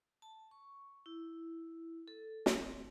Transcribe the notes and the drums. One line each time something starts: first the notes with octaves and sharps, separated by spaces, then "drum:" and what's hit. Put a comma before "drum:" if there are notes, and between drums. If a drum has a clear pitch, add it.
A5
C#6
E4
A4
C4, drum: snare